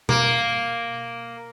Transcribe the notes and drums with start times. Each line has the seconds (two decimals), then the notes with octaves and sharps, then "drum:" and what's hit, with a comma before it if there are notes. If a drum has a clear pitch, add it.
0.09 A#3, drum: tom B2